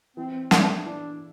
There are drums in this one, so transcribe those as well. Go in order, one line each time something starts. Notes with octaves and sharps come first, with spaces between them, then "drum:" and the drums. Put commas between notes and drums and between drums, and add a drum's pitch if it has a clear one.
E3 C4
B3 D4 E4 A4 D5, drum: snare
E3 D4